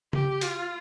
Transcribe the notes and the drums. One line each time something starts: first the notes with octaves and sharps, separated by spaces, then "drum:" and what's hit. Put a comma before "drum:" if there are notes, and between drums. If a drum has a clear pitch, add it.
G4, drum: tom
F4, drum: hi-hat